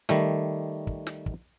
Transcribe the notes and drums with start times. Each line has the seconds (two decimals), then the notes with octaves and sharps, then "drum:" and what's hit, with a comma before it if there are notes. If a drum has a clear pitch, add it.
0.09 D#3 G3 A3, drum: snare
0.87 drum: kick
1.07 drum: snare
1.26 drum: kick